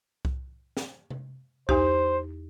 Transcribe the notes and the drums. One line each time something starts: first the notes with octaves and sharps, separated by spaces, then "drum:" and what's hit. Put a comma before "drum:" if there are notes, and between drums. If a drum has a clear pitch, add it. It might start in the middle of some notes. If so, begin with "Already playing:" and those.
drum: kick C2
drum: snare
drum: tom C3
E2 D#4 G4 C5, drum: kick C2